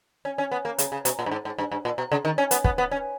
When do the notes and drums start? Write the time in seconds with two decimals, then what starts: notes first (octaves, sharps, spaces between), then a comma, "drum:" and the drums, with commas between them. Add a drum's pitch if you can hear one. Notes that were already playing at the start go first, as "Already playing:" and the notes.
0.25 C#4
0.38 C#4
0.52 B3
0.65 A#3
0.78 C#3, drum: hi-hat
0.92 C#3
1.05 B2, drum: hi-hat
1.19 A#2
1.26 G2
1.31 G#2
1.45 G#2
1.58 G2
1.72 G2
1.85 A#2
1.98 B2
2.12 C#3
2.25 D#3
2.38 C#4
2.51 B3, drum: hi-hat
2.64 B3, drum: kick
2.78 B3
2.91 C#4